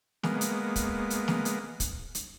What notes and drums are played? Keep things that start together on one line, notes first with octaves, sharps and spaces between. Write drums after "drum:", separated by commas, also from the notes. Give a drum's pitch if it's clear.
G#3 A#3 B3, drum: snare
drum: hi-hat
drum: kick, hi-hat
drum: hi-hat
drum: snare
drum: hi-hat
drum: kick, hi-hat
drum: hi-hat